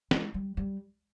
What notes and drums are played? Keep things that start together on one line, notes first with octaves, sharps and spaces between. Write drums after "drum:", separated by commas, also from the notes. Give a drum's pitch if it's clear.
G#3, drum: snare
G3
G3